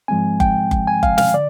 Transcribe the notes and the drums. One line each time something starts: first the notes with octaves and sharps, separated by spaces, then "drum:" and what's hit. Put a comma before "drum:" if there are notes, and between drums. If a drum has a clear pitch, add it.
G#2 F3 G#3 C4 G#5
G5, drum: kick F#1
drum: kick F#1
G#5
F5, drum: kick F#1
F5, drum: snare
D3 D5